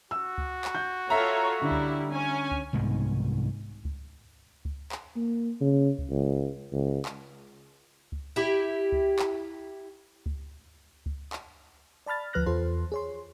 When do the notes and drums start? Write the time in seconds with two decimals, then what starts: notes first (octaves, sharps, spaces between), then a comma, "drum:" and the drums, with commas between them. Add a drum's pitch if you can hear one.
0.11 F#4 E6
0.38 drum: kick C#2
0.65 drum: clap
0.75 G6
1.10 F4 A4 C#5 E5 A#5
1.61 D3 G3 E4
1.71 drum: kick C#2
2.11 C#4 G#5
2.51 drum: kick C#2
2.73 C2 G#2 B2 D#3
3.85 drum: kick C#2
4.65 drum: kick C#2
4.92 drum: clap
5.16 A#3
5.60 C#3
5.99 drum: kick C#2
6.10 C#2
6.72 C#2
7.05 drum: clap
8.12 drum: kick C#2
8.36 E4 G4
8.92 drum: kick C#2
9.19 drum: clap
10.26 drum: kick C#2
11.06 drum: kick C#2
11.33 drum: clap
12.06 D5 A5 B5 F6 A6
12.33 D2 F3 B4 F6 F#6 A#6
12.46 E2 F4 A4 C5 C6
12.92 G#4 C#5 C6